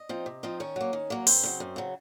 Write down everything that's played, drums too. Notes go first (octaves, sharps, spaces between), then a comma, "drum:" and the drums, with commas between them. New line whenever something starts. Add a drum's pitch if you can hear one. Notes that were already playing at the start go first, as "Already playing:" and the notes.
Already playing: D#5
F3 C4 D#4
C3
F3 C4 D#4
D#3 C#4 C#5
F#3 A#3
D#3
F#3 A#3
F#2 C4 C5, drum: open hi-hat
C#3 F#3
F#2
C#3 F#3